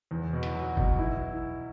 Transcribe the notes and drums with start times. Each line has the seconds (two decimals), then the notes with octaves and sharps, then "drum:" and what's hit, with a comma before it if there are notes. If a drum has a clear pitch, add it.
0.11 E2
0.33 B2
0.43 drum: hi-hat
0.55 F#3
0.77 B2, drum: kick F#1
0.99 E4